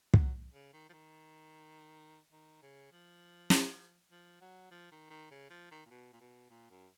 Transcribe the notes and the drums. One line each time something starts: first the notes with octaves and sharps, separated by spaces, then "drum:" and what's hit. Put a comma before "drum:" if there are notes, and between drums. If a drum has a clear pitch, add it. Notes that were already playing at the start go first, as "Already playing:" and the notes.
F#3, drum: kick
C#3
D#3
F3
D#3
D#3
C#3
F3
drum: snare
F3
F#3
F3
D#3
D#3
C#3
F3
D#3
A#2
B2
A#2
B2
A#2
F#2